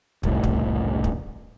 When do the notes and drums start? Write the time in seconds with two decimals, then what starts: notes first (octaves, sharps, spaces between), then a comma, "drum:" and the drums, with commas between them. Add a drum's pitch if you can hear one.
0.23 F#1 C2 A2, drum: kick
0.43 drum: kick
1.04 drum: kick